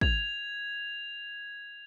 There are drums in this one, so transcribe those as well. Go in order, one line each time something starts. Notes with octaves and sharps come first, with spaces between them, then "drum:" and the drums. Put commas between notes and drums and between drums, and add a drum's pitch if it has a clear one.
G#6 F7, drum: kick